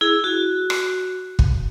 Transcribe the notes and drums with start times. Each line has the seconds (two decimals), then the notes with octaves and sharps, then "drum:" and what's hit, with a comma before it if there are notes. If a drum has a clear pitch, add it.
0.01 E4 G#4
0.24 F#4
0.70 drum: rim click
1.39 drum: kick